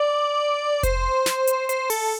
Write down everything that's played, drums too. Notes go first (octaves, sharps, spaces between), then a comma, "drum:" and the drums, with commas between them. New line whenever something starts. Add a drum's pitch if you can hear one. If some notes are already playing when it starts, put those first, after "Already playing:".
Already playing: D5
C5, drum: kick F1, hi-hat
drum: snare
drum: hi-hat
C5, drum: hi-hat
A4, drum: open hi-hat